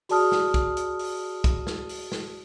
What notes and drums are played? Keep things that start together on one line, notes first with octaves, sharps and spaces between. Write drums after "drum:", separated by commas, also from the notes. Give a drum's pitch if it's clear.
F#4 G#4 D5 A5 D#6 F6, drum: open hi-hat
drum: snare
drum: kick, hi-hat
drum: hi-hat
drum: open hi-hat
drum: kick, hi-hat
drum: snare
drum: open hi-hat
drum: snare